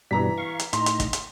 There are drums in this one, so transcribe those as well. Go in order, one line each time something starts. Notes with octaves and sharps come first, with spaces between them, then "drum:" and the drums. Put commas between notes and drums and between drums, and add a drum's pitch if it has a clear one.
G2 B2 E3 G3 A#5 B6
F5 C#6
drum: hi-hat
A2 D#4 A#5 C6, drum: hi-hat
drum: hi-hat
drum: kick, hi-hat
drum: hi-hat